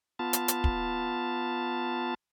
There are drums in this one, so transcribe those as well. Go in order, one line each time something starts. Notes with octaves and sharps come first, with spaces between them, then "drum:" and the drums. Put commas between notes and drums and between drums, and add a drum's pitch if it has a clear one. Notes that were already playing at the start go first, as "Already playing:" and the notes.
B3 F4 A5
drum: hi-hat
drum: hi-hat
drum: kick